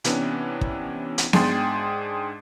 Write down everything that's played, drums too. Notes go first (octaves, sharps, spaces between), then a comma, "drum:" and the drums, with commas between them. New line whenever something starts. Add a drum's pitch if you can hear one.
C3 E3 B3 C#4 D4, drum: hi-hat
drum: kick
drum: hi-hat
G#2 D4 G#4 G5 C6 A6, drum: snare B3